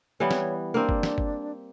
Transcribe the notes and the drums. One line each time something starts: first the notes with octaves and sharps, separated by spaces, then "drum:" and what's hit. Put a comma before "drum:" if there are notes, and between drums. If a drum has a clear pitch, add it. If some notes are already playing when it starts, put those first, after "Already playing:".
E3 G3 B3 C#5
drum: snare
A#3 C4 D4
drum: kick
drum: snare
drum: kick